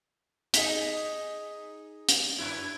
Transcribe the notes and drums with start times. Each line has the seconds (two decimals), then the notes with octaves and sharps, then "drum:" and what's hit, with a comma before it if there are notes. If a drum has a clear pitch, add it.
0.54 D#4 G#4 D#5 B6, drum: hi-hat
2.09 drum: hi-hat
2.38 F#2 E4